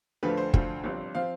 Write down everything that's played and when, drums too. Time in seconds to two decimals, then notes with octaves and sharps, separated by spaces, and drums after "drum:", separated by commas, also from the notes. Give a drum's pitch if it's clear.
0.23 D2 D3 F3 A3 B4
0.37 C5
0.54 D2 D3 F3 A3, drum: kick
0.84 G1 G2 F3 C4
1.15 F3 C4 F5